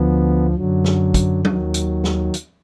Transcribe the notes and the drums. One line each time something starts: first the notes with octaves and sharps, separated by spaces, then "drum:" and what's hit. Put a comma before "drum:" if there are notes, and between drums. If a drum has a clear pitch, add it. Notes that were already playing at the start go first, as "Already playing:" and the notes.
Already playing: D2 D3 F3 B3
F#2 D3 F#3
drum: snare
drum: kick, hi-hat
D#2 D#3 F#3, drum: tom F#3
drum: hi-hat
drum: snare
drum: hi-hat